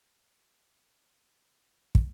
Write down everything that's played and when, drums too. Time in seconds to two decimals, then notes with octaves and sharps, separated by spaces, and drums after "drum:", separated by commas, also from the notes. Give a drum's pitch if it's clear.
0.69 A5
1.13 G5
1.55 C#6
1.95 drum: kick